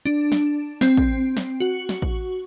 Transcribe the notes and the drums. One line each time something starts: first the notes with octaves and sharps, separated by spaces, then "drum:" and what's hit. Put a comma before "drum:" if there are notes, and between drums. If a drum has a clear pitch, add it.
D4
drum: snare
C4, drum: snare
drum: kick A1
drum: snare
F#4
drum: snare
drum: kick A1